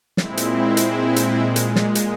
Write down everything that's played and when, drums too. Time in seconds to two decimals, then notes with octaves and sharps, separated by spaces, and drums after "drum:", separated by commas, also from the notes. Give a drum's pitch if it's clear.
0.17 A#2 G#3 C4 E4, drum: snare
0.37 drum: hi-hat
0.77 drum: hi-hat
1.16 drum: hi-hat
1.36 A#2 G#3
1.56 drum: hi-hat
1.76 drum: snare
1.95 drum: hi-hat